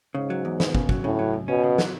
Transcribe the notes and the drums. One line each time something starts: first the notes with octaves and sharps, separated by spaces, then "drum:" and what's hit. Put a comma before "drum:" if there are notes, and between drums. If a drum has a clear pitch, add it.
G#2 C#3
F#3
E2
B3, drum: snare
C#3, drum: kick
F#3, drum: kick
A2 C#3
F#3
F#2
B2 C#4
C#3
F#3, drum: snare